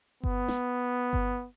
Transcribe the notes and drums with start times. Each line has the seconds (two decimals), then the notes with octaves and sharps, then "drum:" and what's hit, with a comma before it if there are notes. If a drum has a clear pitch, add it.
0.24 B3, drum: kick G1
0.48 drum: snare
1.13 drum: kick G1